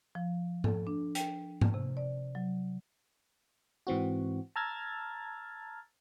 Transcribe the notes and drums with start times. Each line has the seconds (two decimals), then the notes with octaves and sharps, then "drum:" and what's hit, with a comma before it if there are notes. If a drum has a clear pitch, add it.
0.15 F3
0.64 A4, drum: tom G#2
0.87 D4
1.15 G5, drum: hi-hat
1.61 drum: tom G#2
1.74 C3
1.97 D5
2.35 F#3
3.87 G#2 E3 C4 F#4
4.56 A5 A#5 E6 F6 G#6 A6